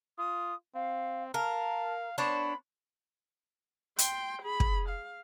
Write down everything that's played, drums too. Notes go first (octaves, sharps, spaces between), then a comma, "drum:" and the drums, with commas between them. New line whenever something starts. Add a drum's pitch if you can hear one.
F4 D#6
C4 F5
A#4 F5 A5
B3 D4 C5 C#5 B5
G5 C6, drum: hi-hat
G#4 B5
drum: kick
F5